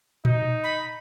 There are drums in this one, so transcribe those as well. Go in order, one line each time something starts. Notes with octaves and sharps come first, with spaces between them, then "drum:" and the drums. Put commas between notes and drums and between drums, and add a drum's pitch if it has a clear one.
D#4, drum: tom A#2
B5